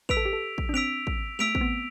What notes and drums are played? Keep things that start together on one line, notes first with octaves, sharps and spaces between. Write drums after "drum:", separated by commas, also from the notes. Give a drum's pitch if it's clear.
B4 E6 B6 D7 F7, drum: kick
A4
G4
A4
drum: kick
D4
C4 E6 B6 D7 F7
drum: kick
A3 E6 B6 D7 F7, drum: snare
C4, drum: kick
B3